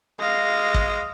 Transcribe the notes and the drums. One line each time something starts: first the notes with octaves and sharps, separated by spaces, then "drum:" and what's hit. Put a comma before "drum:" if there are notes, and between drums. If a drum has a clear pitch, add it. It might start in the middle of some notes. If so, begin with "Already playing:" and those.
G#3 F5 A#6
drum: kick